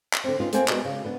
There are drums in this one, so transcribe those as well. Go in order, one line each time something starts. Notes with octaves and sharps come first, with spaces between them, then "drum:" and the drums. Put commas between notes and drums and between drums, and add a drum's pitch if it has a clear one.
drum: clap
D3 C4
C#4 D#4 F4 B4
A3 A#3 C4 G5 G#5, drum: hi-hat
G#3 B3 F#4 A#4 D5 D#5, drum: clap
C#3
B3 D4 B4